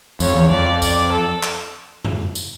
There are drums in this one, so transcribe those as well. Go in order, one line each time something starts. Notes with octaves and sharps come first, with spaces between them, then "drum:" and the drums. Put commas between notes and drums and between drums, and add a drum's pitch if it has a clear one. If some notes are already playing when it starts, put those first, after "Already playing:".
F2 C#5, drum: tambourine
E2
F2 D5
D5, drum: kick C#2, tambourine
A4
drum: clap
drum: tom F2
drum: tambourine